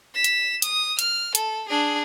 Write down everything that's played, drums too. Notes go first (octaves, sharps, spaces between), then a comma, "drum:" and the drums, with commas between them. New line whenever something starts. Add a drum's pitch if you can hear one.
B6 E7
drum: hi-hat
D#6, drum: hi-hat
F6, drum: hi-hat
A4, drum: hi-hat
D4 G#4